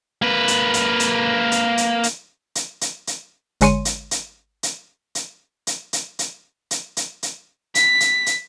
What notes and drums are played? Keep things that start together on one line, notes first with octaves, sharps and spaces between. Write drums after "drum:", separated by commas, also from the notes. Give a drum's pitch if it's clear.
A#3 B4
drum: hi-hat
drum: hi-hat
drum: hi-hat
drum: hi-hat
drum: hi-hat
drum: hi-hat
drum: hi-hat
drum: hi-hat
drum: hi-hat
G#1 D3 G#3 C#5 C6 D#7, drum: hi-hat
drum: hi-hat
drum: hi-hat
drum: hi-hat
drum: hi-hat
drum: hi-hat
drum: hi-hat
drum: hi-hat
drum: hi-hat
drum: hi-hat
drum: hi-hat
B6, drum: hi-hat
drum: hi-hat
drum: hi-hat